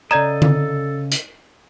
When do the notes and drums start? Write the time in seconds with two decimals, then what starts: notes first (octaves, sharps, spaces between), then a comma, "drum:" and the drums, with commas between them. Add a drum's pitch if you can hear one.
0.11 C#3 A4 D5 D#5 A#5 G#6 E7
0.42 drum: tom D3
1.12 drum: hi-hat